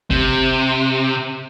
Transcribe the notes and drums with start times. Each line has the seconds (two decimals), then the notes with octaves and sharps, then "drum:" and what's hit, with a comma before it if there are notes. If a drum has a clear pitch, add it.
0.10 C3, drum: kick F#1